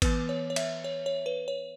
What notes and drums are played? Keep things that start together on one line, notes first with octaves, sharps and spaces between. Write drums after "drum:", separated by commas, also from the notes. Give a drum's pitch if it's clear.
E3 B3 B4, drum: kick G#1, cymbal
C#5
C#5
E5, drum: cymbal
C#5
C#5
B4
C#5